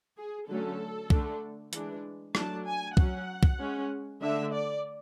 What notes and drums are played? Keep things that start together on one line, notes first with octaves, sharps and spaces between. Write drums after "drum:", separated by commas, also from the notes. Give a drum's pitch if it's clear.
G#4
D3 F#3 A3 C#4 A4
D3 A3 D4, drum: kick
E3 G#3 D4, drum: hi-hat
F#3 A3 D4 A5, drum: rim click
G#5
F#3 C#4 F#5, drum: kick
drum: kick
G#3 C#4
D3 A3 D4 E5
D5